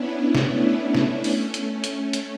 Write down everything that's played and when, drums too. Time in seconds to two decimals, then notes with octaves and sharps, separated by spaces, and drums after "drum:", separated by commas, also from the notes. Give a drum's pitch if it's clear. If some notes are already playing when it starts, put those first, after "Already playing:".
Already playing: B3 C#4 D4 E4
0.35 A3 C#4, drum: snare
0.80 B3 D4
0.95 drum: snare
1.24 A3 C#4, drum: open hi-hat
1.54 drum: hi-hat
1.84 drum: hi-hat
2.13 drum: hi-hat